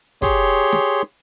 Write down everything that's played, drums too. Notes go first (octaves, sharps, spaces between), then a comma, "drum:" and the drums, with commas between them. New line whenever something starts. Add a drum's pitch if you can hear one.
G4 G#4 C#5 C6, drum: kick, hi-hat
drum: snare